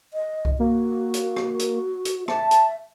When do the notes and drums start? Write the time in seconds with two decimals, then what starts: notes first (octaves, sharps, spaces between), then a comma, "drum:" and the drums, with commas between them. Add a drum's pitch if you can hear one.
0.14 D#5
0.45 drum: kick C2
0.59 A#3 F#4
1.14 drum: hi-hat
1.36 drum: rim click
1.59 drum: hi-hat
2.05 drum: hi-hat
2.28 E5 A5, drum: rim click
2.51 drum: hi-hat